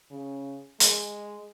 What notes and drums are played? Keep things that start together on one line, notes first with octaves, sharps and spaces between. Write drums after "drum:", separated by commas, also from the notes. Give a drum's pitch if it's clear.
C#3
G#3, drum: hi-hat